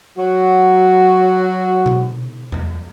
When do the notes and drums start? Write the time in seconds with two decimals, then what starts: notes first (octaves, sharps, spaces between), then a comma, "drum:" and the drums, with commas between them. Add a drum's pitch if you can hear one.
0.18 F#3 F#4
1.86 drum: tom B2
2.52 drum: tom E2